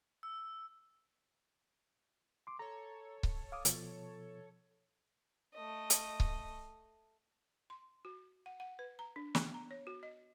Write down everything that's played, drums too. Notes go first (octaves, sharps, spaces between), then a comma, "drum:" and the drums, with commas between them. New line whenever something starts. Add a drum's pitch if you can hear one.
E6
C6 D6
A4 C#5 A#5
drum: kick C#1
F5 D6 D#6
B2 F3, drum: hi-hat
A3 D#5
drum: hi-hat
drum: kick C#1
C6
F#4
F#5
F#5
B4
A#5
D4
B3, drum: snare
A#5
C#5
F#4
D#5